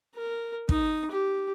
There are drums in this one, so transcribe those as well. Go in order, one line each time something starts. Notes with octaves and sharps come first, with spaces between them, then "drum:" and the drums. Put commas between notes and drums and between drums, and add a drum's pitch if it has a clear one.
A#4
D#4, drum: kick
G4